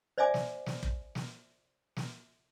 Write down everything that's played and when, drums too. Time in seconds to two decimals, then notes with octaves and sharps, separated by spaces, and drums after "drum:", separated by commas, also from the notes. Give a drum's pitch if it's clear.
0.18 C5 D5 E5 G#5 D6
0.34 drum: snare
0.66 drum: snare
0.83 drum: kick
1.15 drum: snare
1.97 drum: snare